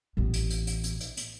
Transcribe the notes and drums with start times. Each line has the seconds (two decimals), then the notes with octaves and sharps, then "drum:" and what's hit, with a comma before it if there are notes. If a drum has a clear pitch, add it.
0.17 A1 B3
0.34 drum: hi-hat
0.50 drum: hi-hat
0.67 drum: hi-hat
0.84 drum: hi-hat
1.00 drum: hi-hat
1.17 drum: hi-hat